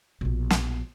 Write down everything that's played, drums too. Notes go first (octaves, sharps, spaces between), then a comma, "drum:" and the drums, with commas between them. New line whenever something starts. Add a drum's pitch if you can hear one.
A#1 B2
drum: snare